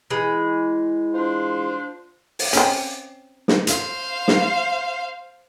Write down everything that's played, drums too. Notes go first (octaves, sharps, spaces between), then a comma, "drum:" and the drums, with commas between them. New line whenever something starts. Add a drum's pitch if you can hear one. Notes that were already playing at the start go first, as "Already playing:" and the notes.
E3 G#3
D4 F4 C5
drum: open hi-hat
C4 C#4, drum: hi-hat
drum: snare
C5 F5, drum: hi-hat
drum: snare